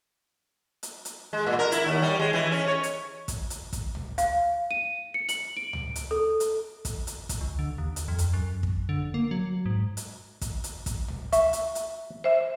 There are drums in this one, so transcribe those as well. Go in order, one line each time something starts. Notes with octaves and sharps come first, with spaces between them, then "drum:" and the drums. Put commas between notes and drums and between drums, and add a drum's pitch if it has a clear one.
drum: hi-hat
drum: hi-hat
G#3
A#2
A#4
E4, drum: hi-hat
D#2
G3
G#3
E3
C#4
C#5
drum: hi-hat
drum: kick, hi-hat
drum: hi-hat
drum: kick, hi-hat
drum: tom C#2
F5, drum: hi-hat
D#7
C#7
F#7, drum: hi-hat
D7
drum: tom C#2
drum: hi-hat
A4
drum: hi-hat
drum: kick, hi-hat
drum: hi-hat
drum: kick, hi-hat
C#2
D3
D#2
drum: hi-hat
F2
drum: hi-hat
F#2
drum: kick
D3
A#3
F#3
G#2
drum: hi-hat
drum: kick, hi-hat
drum: hi-hat
drum: kick, hi-hat
drum: tom C#2
E5 C#6, drum: hi-hat
drum: hi-hat
drum: hi-hat
C5 E5